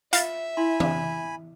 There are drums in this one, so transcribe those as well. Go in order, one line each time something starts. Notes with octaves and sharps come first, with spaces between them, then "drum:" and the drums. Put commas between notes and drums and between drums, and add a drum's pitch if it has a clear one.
F4 E5 F5 A6, drum: hi-hat
E4 G#5 B5 C6
drum: tom E3